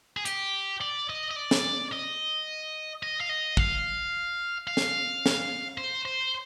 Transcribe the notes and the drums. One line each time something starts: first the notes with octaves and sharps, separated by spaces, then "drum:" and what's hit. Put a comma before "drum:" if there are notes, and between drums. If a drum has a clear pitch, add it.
G#4
G4, drum: hi-hat
D5
D#5
D#5
D5
drum: snare
D#5
D#5
F5
D#5
F5, drum: kick
F5
drum: snare
drum: snare
C5
C5